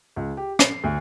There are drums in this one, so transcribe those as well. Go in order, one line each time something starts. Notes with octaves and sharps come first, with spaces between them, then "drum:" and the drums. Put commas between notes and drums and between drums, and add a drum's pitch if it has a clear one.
C#2
G4
C7, drum: rim click
D2